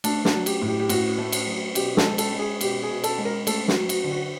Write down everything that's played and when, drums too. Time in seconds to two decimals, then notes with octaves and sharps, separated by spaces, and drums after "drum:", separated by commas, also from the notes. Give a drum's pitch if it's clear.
0.04 A3 D4, drum: cymbal
0.25 D4, drum: snare
0.32 F#3
0.46 G4, drum: cymbal
0.62 A2
0.68 G4
0.80 G4
0.89 A2 F#4, drum: cymbal
1.18 A3
1.32 drum: cymbal
1.47 F#3
1.75 B2 G4, drum: cymbal
1.97 A4, drum: snare
2.04 G#3
2.18 A4, drum: cymbal
2.33 G#3
2.39 G#4
2.61 B2 G4, drum: cymbal
2.83 G#4
2.89 B2
3.04 A4, drum: cymbal
3.18 G#3
3.25 A#4
3.47 A3 A4, drum: cymbal
3.68 F#4, drum: snare
3.76 F#3
3.89 F#4, drum: cymbal
4.04 D3
4.11 F#4